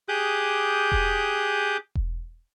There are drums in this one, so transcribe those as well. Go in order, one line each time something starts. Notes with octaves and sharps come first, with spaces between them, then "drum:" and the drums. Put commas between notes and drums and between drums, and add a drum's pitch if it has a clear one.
G4 G#4 D6 D#6 F#6 G6
drum: kick E1
drum: kick E1